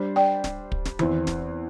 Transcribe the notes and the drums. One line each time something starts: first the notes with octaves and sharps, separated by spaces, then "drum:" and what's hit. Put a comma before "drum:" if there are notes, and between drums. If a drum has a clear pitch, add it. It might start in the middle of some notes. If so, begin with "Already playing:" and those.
Already playing: G3 D4 C5
D5 G5
drum: snare
drum: kick
drum: snare
E2 E3 C4 E4, drum: tom D#3
drum: snare